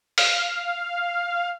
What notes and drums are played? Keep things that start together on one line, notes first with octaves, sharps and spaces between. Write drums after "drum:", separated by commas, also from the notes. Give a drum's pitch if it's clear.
F5, drum: open hi-hat